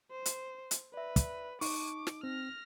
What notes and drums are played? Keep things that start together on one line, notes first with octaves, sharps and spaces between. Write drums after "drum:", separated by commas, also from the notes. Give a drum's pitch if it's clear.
C5
drum: hi-hat
drum: hi-hat
B4 D5 E5
drum: kick, hi-hat
D#4 C#6 D6, drum: open hi-hat
drum: snare
C4 F6 A#6